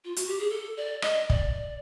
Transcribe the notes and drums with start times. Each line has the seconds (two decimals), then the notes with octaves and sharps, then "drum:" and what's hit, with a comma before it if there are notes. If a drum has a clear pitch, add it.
0.05 F4
0.16 F#4, drum: hi-hat
0.27 G4
0.39 G#4
0.50 A4
0.77 D5
1.02 D#5, drum: rim click
1.30 D5, drum: kick